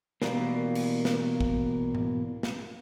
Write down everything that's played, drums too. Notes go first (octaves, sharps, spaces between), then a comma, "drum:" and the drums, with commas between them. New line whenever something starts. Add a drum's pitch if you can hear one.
B2 E3 G3 A#3, drum: snare
drum: cymbal
drum: snare
drum: kick
drum: tom G#2
drum: snare